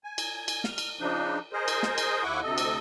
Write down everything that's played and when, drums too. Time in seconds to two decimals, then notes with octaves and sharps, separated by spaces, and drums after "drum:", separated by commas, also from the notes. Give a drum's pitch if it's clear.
0.04 G#5
0.18 drum: cymbal
0.48 drum: cymbal
0.64 F6, drum: snare
0.78 drum: cymbal
1.00 C#3 F3 D4 D#4
1.53 G#4 A#4 C5 D#5
1.68 drum: cymbal
1.83 drum: snare
1.98 drum: cymbal
2.23 D#2 E4 F#5 C#6 D6
2.43 D2 C3 A4 D#5
2.58 drum: cymbal